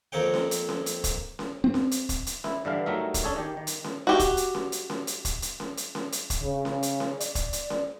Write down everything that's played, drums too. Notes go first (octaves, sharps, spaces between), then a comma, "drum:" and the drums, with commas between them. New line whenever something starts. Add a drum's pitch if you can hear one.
F2 A#3 C4 C#5 G5
drum: snare C#4
drum: hi-hat
drum: snare C#4
drum: hi-hat
drum: kick, hi-hat
drum: snare C#4
C4
drum: snare C#4
drum: hi-hat
drum: kick, hi-hat
drum: hi-hat
E4, drum: snare C#4
G2 D3 E3 D4 F5
F#3 G3 A3 D#4 A#4 E5
drum: kick, hi-hat
C#4 D4 G#4 A4 C#5
D#3 G4
D#3
drum: hi-hat
drum: snare C#4
F#4 G4
drum: kick, hi-hat
drum: hi-hat
drum: snare C#4
drum: hi-hat
drum: snare C#4
drum: hi-hat
drum: kick, hi-hat
drum: hi-hat
drum: snare C#4
drum: hi-hat
drum: snare C#4
drum: hi-hat
drum: kick, hi-hat
C#3
drum: snare C#4
drum: hi-hat
drum: snare C#4
D5, drum: hi-hat
drum: kick, hi-hat
drum: hi-hat
drum: snare C#4